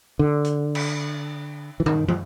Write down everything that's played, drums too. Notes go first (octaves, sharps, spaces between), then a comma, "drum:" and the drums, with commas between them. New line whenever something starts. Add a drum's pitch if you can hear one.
D3
drum: hi-hat
drum: cymbal
E3
D#3, drum: tom
F3, drum: tom